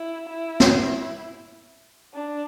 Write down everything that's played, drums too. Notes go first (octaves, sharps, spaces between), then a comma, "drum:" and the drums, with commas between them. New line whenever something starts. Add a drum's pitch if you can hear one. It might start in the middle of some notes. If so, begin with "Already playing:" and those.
Already playing: E4
E4
drum: snare
E4
D4